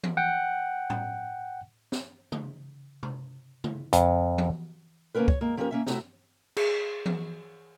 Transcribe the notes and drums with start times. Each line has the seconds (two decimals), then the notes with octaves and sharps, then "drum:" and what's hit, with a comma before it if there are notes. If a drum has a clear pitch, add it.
0.03 drum: tom E3
0.17 F#5 G5
0.90 drum: tom A2
1.92 drum: snare
2.32 drum: tom C#3
3.03 drum: tom C3
3.64 drum: tom C#3
3.93 F2, drum: hi-hat
4.38 drum: tom E3
5.15 D3 A#3 B3 C#4 A#4 B4
5.28 C#5, drum: kick
5.41 G#3 A#3
5.57 F3 A#3 C#4 G4 G#4 A#4
5.71 A#3 C#4 E5
5.87 C3 A3 E4 F#4, drum: snare
6.57 G#4, drum: cymbal
7.06 drum: tom E3